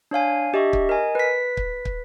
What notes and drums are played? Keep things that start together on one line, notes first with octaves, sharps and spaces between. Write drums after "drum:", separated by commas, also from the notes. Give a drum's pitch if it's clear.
D4 C#5 F5 G#5
D4 G4 D#5 E5 C#6
drum: kick
A#4 D#5 G#5
B4 B6
drum: kick
drum: kick